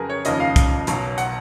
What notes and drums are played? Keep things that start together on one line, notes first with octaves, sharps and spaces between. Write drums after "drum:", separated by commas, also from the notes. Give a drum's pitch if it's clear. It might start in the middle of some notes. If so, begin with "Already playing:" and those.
Already playing: F2 C#3 F#3 G#4 A#4 B4
C#5
F1 D#2 C#3 F3 D#5, drum: hi-hat
F5
drum: kick, hi-hat
B1 B2 F#3, drum: hi-hat
F#5, drum: hi-hat